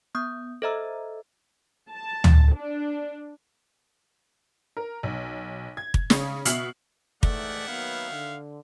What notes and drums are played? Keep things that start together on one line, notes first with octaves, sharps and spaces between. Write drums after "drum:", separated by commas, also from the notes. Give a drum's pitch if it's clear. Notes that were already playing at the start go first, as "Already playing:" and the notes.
B3 D#6 G6
A4 C5 D#5 E5 A#5 E6
A5
drum: tom
D4
A#4
B1
G#6
drum: kick
C#3 C#4 C#5, drum: snare
B2 E5 F6 C7 F#7, drum: hi-hat
G#2 D#3 E3 A3 D5 E5 F#5, drum: kick
F#3 A#3 B3 F5
D3